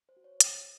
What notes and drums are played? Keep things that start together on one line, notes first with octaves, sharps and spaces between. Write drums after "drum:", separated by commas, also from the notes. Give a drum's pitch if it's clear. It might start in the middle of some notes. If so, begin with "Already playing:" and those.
C5
F#4
C#5
drum: hi-hat